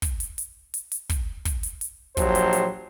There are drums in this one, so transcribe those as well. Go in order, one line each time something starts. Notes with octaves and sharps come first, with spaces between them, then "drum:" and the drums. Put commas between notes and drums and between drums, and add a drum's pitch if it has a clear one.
drum: kick, hi-hat
drum: hi-hat
drum: hi-hat
drum: hi-hat
drum: hi-hat
drum: kick, hi-hat
drum: kick, hi-hat
drum: hi-hat
drum: hi-hat
A#1 F#3 G4 C5, drum: kick, hi-hat
drum: hi-hat
drum: hi-hat